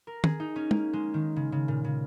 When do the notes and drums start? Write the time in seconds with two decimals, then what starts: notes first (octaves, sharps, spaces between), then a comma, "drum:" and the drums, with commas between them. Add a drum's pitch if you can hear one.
0.07 A#4
0.24 G#4, drum: tom
0.40 D#4
0.56 C#4
0.71 A#3, drum: tom
0.93 G#3
1.14 D#3
1.36 C#3
1.52 C#3
1.68 A#2
1.84 C#3